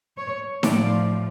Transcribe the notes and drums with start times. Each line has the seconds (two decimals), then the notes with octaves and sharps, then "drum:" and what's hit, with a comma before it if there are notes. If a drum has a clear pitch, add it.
0.17 C#5
0.63 A2 F3 D5, drum: snare D#4